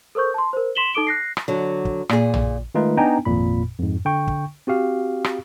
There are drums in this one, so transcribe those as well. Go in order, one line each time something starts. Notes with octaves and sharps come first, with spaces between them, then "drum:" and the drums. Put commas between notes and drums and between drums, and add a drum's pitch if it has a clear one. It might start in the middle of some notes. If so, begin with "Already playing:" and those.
A4 A#4 C5 C#6 G6
A5 C6
A#4 C5
C6 B6 E7 F#7 G7
D#4 A4 D6 D7 G7
F#6 A#6 C7
drum: rim click
D3 F#3
drum: kick
A#2 G#4, drum: rim click
drum: tom A#1
D#3 G#3 A3 D#4 F4 B4
B3 D4 D#4 G5 G#5 A#5
G#1 F2 A#2 B5
F2 G#2
D3 G5 C#6
drum: kick
C4 F#4 G4 F5
drum: rim click